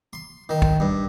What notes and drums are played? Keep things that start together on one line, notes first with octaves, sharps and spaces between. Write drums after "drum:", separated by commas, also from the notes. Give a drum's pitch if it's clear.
C6
D#3
drum: kick
G2